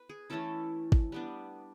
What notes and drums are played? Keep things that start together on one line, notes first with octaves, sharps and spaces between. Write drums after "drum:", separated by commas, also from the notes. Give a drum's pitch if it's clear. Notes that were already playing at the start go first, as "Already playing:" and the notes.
Already playing: B4
G#4
E3 A3 C#4 E4 A4
drum: kick
G3 B3 D4